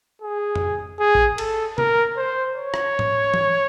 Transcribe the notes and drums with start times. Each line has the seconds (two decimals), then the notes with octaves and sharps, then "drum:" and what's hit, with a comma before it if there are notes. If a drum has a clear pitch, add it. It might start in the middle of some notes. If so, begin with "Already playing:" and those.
0.22 G#4
0.56 drum: tom F2
1.00 G#4
1.15 drum: kick A1
1.38 A4, drum: cymbal
1.78 A#4, drum: tom
2.17 C5
2.56 C#5
2.74 drum: rim click
2.99 drum: tom G#2
3.34 drum: tom E3